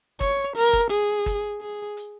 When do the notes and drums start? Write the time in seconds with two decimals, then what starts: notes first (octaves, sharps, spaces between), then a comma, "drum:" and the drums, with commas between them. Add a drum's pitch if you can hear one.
0.21 C#5, drum: kick, hi-hat
0.56 A#4, drum: hi-hat
0.73 drum: kick
0.91 G#4, drum: hi-hat
1.26 drum: kick, hi-hat
1.61 G#4
1.97 drum: hi-hat